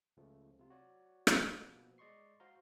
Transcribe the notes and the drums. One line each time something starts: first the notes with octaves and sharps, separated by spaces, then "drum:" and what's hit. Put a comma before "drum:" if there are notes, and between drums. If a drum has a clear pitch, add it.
C#2 C#3 F3 A3
C3 F4
F#4 C#5 D5
drum: rim click
B2 F3 A#3 B3
G#3 D5 D#5 C6 C#6 C7
F#4 C5 F5 A#5 C6